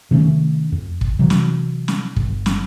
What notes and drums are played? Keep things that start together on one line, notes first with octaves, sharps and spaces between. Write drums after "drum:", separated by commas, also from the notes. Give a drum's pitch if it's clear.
C3 D#3 A3 C#4
F2
drum: kick
C3 E3 F#3
drum: snare
drum: snare
G1, drum: kick
drum: snare